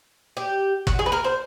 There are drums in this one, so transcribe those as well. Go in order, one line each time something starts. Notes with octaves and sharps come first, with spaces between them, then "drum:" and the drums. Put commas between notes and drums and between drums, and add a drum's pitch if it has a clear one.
G4
F#4, drum: kick
G#4
B4
A#4
C5